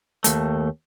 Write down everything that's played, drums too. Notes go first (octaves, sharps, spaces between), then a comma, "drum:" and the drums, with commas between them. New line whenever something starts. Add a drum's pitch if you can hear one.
D#2 A3, drum: hi-hat